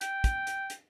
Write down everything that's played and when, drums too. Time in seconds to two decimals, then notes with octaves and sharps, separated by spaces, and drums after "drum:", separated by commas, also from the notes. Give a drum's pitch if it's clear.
0.01 G5, drum: hi-hat
0.24 drum: kick, hi-hat
0.47 drum: hi-hat
0.70 drum: hi-hat